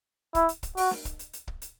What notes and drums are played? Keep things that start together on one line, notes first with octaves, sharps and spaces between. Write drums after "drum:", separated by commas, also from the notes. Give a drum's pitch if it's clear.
E4, drum: kick, hi-hat
drum: hi-hat
drum: kick, hi-hat
F#4, drum: open hi-hat
drum: snare
drum: kick, hi-hat
drum: hi-hat
drum: hi-hat
drum: kick
drum: hi-hat